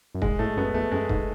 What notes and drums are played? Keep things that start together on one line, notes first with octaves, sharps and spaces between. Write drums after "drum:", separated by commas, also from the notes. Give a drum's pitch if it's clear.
F#2
G#2 G#3, drum: kick
A2 A3
F#2 B3
E2 A3
F#2 G#3
G#2, drum: kick